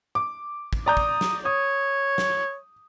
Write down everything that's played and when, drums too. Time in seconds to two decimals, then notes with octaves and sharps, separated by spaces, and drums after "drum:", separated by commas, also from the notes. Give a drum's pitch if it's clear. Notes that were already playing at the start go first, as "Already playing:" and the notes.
0.15 D6
0.73 drum: kick
0.86 D5 A#5 D#6 G6
0.97 drum: kick
1.21 drum: snare
1.45 C#5 D#6
2.18 drum: snare